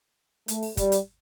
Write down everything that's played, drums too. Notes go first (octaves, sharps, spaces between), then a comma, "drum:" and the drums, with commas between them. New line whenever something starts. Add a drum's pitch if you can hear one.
A3, drum: hi-hat
drum: open hi-hat
G3, drum: kick, hi-hat
drum: hi-hat